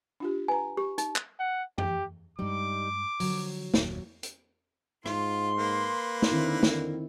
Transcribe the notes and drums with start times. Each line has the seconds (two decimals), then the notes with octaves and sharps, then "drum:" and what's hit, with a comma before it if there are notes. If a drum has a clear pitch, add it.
0.20 D4 F4 G4
0.48 B4 G#5 A#5
0.77 G4 C#6
0.98 D#4, drum: hi-hat
1.16 drum: clap
1.39 F#5
1.78 G4, drum: tom F#2
2.39 G2 G3 G#3 D#4 D6
3.20 D3 F3 F#3, drum: open hi-hat
3.74 F#1 D#2 A#2, drum: snare
4.23 drum: hi-hat
5.06 G#2 F4 C6, drum: rim click
5.58 A#3 B4
6.22 drum: snare
6.32 D3 D#3 C4 E4
6.63 drum: snare